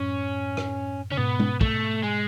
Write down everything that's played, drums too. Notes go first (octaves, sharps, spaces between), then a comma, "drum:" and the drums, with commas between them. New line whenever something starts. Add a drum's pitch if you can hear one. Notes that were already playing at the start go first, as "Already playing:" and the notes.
Already playing: F#2 A2 C#4
drum: rim click
C#3 C#4
G#2 B2 B3
drum: tom G#3
A3, drum: kick
G#3